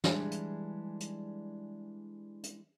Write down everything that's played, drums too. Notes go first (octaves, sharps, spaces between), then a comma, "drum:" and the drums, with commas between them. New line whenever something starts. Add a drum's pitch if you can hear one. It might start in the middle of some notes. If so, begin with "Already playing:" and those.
E3 G3 G#3 D4, drum: snare
drum: hi-hat
drum: hi-hat
drum: hi-hat